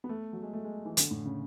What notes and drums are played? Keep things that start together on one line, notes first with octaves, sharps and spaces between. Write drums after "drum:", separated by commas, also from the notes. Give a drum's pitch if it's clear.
B3
A3
F#3
G#3
A3
G#3
E3
D3, drum: hi-hat
A2
C#3